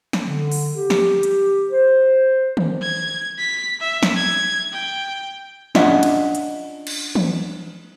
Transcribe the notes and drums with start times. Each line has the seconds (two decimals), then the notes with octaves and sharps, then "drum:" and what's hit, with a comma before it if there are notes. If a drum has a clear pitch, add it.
0.13 drum: snare
0.25 D3
0.52 drum: open hi-hat
0.76 G4
0.90 drum: snare
1.23 drum: hi-hat
1.71 C5
2.57 drum: tom D#3
2.82 G#6
3.39 B6
3.80 E5
4.03 drum: snare
4.16 G#6
4.73 G5
5.75 C#4 D4 F4 D#5 E5 F#5, drum: snare
6.03 drum: cymbal
6.35 drum: hi-hat
6.87 drum: cymbal
7.15 drum: tom E3